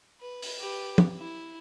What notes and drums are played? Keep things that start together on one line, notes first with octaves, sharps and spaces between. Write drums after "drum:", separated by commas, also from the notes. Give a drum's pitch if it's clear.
B4
drum: open hi-hat
G4 B4
drum: tom
E4